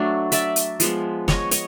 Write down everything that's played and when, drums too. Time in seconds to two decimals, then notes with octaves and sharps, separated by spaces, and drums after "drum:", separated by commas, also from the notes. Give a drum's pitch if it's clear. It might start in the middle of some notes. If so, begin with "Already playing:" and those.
Already playing: F#3 A3 D4
0.32 D5 E5, drum: hi-hat
0.56 drum: hi-hat
0.80 F3 G#3 B3, drum: hi-hat
1.28 C#5 D#5, drum: snare
1.51 C#5 D#5, drum: hi-hat